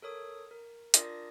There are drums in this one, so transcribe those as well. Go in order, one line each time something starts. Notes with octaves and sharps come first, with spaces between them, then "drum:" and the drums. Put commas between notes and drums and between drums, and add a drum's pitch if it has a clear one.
A4 A#4 C#5 D#6
A#4
D4 F4 A#4 D5 D#6 A#6, drum: hi-hat